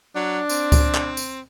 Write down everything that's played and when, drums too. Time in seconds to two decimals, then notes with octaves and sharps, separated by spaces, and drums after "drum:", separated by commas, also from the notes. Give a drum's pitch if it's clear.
0.16 F#3 D4
0.49 C4, drum: tambourine
0.72 drum: kick C#2, tambourine
0.95 drum: clap
1.17 drum: tambourine